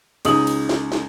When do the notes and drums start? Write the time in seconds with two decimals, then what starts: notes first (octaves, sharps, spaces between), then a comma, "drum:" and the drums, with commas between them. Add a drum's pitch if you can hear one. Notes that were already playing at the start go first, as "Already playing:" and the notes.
0.25 C#2 D#4 D#6 F#7, drum: cymbal
0.47 drum: cymbal
0.69 drum: snare
0.92 drum: snare